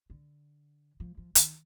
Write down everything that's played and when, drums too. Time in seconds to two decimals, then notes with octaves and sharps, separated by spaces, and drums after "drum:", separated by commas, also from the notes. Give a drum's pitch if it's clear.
0.10 D3
1.00 F3
1.17 F3
1.35 D#3, drum: hi-hat